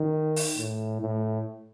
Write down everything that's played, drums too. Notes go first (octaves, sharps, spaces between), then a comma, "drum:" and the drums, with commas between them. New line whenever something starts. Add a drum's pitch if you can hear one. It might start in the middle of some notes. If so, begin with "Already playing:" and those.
Already playing: D#3
drum: open hi-hat
A2
A2